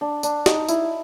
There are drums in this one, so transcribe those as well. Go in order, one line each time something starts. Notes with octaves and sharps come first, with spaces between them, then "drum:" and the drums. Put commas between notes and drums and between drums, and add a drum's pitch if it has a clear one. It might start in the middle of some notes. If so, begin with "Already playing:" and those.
D4
D4, drum: tambourine
D#4, drum: snare
E4, drum: tambourine